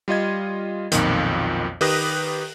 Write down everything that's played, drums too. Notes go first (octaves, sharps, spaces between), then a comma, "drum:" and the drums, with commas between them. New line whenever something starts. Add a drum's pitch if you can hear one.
G3 F4 D#5 G#6
B1 F2 A#2 D#3, drum: hi-hat
D#3 G4 B4 D#6 F#6 A#6, drum: open hi-hat